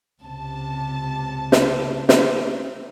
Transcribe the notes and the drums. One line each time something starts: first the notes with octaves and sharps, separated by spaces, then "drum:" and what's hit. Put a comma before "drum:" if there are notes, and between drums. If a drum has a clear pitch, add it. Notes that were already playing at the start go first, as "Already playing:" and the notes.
C#2 C3 A5
drum: snare
drum: snare